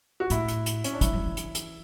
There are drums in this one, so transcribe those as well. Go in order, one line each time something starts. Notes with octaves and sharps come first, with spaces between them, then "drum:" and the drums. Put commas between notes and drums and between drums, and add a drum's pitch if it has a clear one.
F#4
A2 E4, drum: hi-hat
drum: hi-hat
drum: hi-hat
C#4, drum: hi-hat
D4
F#3 E4, drum: kick, hi-hat
F#3
E3
drum: hi-hat
drum: hi-hat